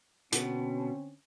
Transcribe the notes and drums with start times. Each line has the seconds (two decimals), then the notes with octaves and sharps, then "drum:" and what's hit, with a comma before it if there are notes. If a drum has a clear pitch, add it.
0.32 B2 D3 C4 C#4, drum: hi-hat